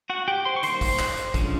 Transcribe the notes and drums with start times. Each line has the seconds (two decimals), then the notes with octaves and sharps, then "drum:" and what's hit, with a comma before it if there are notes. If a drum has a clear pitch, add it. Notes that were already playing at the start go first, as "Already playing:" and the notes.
0.10 F#4 F#5
0.28 G4 G5
0.45 C5 C6
0.56 C#6
0.63 D#3 G3 A#3 C5 C6, drum: hi-hat
0.81 drum: kick, open hi-hat
0.99 drum: clap
1.17 drum: hi-hat
1.34 D3 F3 G#3 C#4, drum: kick, hi-hat